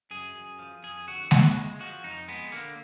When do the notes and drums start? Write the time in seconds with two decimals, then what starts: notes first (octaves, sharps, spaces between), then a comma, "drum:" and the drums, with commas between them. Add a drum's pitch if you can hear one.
0.11 F#2 G#4
0.35 F#2
0.59 F3
0.83 F2 G#4
1.07 D3 F#4
1.31 F2 F#4, drum: snare G#3
1.56 G#3
1.80 F3 F#4
2.04 F2 D#4
2.28 G#3 B3
2.52 D3 A#3